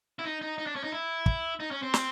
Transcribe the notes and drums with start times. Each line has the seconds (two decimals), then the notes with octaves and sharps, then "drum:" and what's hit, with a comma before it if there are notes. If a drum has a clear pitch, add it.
0.19 E4
0.24 D#4
0.42 D#4
0.58 D#4
0.67 D4
0.76 C#4
0.84 D#4
0.92 E4
1.26 drum: kick
1.60 D#4
1.71 C#4
1.83 C4
1.94 drum: snare